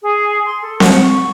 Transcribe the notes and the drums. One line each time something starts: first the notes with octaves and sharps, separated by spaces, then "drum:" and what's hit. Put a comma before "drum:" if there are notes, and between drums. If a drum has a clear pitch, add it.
G#4
C6
A4
F#5, drum: snare C4
C#6